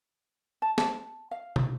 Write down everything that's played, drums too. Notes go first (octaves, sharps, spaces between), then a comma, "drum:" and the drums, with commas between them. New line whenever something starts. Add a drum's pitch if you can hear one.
A5
A5, drum: snare
F5
drum: tom